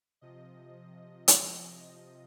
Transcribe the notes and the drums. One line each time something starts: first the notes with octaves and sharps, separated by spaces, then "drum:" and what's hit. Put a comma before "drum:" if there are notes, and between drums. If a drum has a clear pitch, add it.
C3 F3 D#5
drum: hi-hat